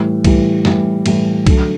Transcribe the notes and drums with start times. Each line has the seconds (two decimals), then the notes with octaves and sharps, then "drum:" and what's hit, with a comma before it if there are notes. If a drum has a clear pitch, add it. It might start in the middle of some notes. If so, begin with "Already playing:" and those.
Already playing: A2 E3 G3
0.25 A2 E3 G3, drum: kick C2, cymbal
0.65 A2 E3 G3, drum: snare
1.06 A2 E3 G3, drum: cymbal
1.47 D3 F#3 A3, drum: kick C2, cymbal